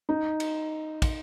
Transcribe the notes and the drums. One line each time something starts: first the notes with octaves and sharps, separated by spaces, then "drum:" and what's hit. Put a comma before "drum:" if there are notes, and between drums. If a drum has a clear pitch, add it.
D#4
drum: cymbal
drum: kick, cymbal